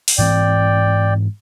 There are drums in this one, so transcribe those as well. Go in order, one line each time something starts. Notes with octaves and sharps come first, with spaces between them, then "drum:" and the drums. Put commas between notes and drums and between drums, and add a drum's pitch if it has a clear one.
drum: open hi-hat
G#2 E3 C4 D5 G5